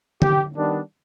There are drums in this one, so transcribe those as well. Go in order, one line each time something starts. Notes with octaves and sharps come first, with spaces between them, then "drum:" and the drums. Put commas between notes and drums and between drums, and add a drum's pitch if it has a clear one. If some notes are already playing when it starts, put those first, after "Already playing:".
G4, drum: tom D3
D#3 G3 B3 D4